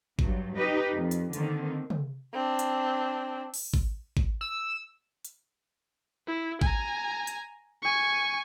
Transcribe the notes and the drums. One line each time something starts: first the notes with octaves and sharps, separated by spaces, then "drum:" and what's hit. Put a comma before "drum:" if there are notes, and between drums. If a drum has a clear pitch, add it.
G2 F#3, drum: kick G#1
D#4 G4 B4 D#5
F2
drum: hi-hat
D3 D#3 A#3 C4, drum: hi-hat
drum: tom
C4 D4
drum: hi-hat
drum: open hi-hat
drum: kick G#1
drum: kick G#1
E6
drum: hi-hat
E4
G#5 A#5, drum: kick G#1
drum: hi-hat
G#5 C#6